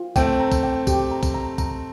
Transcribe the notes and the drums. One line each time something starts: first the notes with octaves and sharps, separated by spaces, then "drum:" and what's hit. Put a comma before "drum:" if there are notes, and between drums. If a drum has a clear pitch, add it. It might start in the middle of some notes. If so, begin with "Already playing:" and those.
Already playing: F4
A3 C4 G5, drum: kick, tambourine
A#5
drum: kick, tambourine
G5
G4, drum: kick, tambourine
A#5
drum: kick, tambourine
A#5
A#5, drum: kick, tambourine